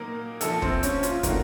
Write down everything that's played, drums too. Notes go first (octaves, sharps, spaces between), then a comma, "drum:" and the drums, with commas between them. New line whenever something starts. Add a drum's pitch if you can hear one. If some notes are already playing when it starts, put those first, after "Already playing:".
Already playing: A#2 F#3 A#3 D#4 A#4
A#1 A#2 F3 A4, drum: hi-hat
C4, drum: kick
C#4, drum: hi-hat
F4, drum: hi-hat
D#3 A3 C4 F#4 A#4, drum: kick, hi-hat